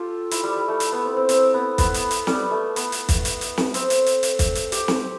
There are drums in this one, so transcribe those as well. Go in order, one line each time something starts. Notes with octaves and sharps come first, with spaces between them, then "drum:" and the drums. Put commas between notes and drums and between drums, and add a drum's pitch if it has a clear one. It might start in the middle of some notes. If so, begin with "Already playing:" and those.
Already playing: F4 G4 A4
E4, drum: hi-hat
G3
G3
A3
drum: hi-hat
B3
C4
C4
C4, drum: hi-hat
B3
B3, drum: kick, hi-hat
drum: hi-hat
drum: hi-hat
G3, drum: snare
A3
B3, drum: hi-hat
drum: hi-hat
drum: kick, hi-hat
drum: hi-hat
drum: hi-hat
drum: snare
C4, drum: hi-hat
drum: hi-hat
drum: hi-hat
drum: hi-hat
drum: kick, hi-hat
drum: hi-hat
G4, drum: hi-hat
drum: snare